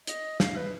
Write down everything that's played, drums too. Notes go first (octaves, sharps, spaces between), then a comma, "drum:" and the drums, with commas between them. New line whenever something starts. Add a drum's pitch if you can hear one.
D#5, drum: hi-hat
F5, drum: snare
B4